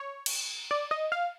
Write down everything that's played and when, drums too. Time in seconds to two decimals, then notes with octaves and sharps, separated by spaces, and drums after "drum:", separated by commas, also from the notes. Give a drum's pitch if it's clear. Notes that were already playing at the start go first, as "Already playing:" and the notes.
Already playing: C#5
0.26 drum: cymbal
0.71 D5
0.91 D#5
1.12 F5